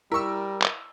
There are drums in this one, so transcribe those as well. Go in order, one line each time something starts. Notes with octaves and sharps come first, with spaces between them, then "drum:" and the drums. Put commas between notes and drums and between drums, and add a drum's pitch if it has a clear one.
G3 E4 A#4 C#6 E6
drum: clap